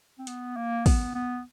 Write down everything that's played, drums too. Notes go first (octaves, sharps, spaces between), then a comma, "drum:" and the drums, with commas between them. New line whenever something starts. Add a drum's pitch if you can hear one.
C4
B3, drum: hi-hat
A#3
B3, drum: kick, open hi-hat
B3